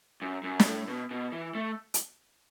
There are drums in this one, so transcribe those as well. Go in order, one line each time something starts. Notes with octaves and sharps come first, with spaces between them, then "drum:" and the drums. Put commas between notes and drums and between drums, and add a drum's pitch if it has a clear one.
F#2
F#2
B2, drum: snare
A2
B2
B2
E3
A3
drum: hi-hat